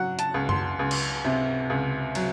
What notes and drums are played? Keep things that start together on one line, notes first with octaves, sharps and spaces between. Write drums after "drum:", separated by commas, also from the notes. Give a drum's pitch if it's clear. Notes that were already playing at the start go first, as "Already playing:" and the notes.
Already playing: F#3 F#5
A5, drum: hi-hat
C#2
C6, drum: tom F#2
C#2
drum: cymbal
C3
C#2
F#3, drum: cymbal